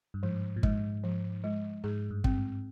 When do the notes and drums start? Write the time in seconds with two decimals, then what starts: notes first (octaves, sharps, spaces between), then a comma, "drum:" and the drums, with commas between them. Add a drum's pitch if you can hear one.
0.14 G2
0.23 G#2 F3
0.56 A#2
0.63 G#2 G#3, drum: kick
1.04 F3
1.44 G#3
1.84 G#2 G#4
2.10 G2
2.24 G2 C4, drum: kick
2.37 G#2